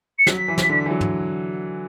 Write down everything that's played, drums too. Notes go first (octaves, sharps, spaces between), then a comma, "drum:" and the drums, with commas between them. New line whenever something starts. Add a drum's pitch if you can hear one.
C#7
F#3 B6, drum: snare
E3
drum: snare
D3
E3
F#3
drum: tom